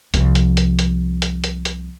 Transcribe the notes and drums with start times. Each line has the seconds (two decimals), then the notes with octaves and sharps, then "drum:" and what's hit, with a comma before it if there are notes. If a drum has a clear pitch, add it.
0.14 C2 F3, drum: hi-hat
0.35 drum: hi-hat
0.57 drum: hi-hat
0.79 drum: hi-hat
1.22 drum: hi-hat
1.44 drum: hi-hat
1.65 drum: hi-hat